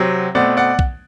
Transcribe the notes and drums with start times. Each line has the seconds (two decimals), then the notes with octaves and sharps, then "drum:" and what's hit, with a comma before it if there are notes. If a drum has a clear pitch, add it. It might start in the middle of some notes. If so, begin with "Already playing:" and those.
Already playing: C3 F#3 C4
0.35 B2 A3 C4 D5 F#5
0.57 D5 F#5
0.79 drum: kick B1